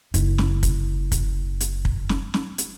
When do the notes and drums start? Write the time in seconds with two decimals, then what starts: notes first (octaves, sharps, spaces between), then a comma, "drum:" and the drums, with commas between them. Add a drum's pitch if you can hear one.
0.14 F#1 E4, drum: hi-hat
0.38 drum: snare
0.63 drum: kick, hi-hat
1.12 drum: kick, hi-hat
1.60 drum: hi-hat
1.85 drum: kick
2.09 drum: snare
2.34 drum: snare
2.58 drum: hi-hat